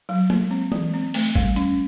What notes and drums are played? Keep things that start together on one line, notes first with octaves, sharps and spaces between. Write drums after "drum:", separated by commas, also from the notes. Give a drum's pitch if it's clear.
F#3
A#3, drum: tom G#3
C4
E3, drum: tom G#3
C4
A3, drum: open hi-hat
G3, drum: kick G1
C#4, drum: hi-hat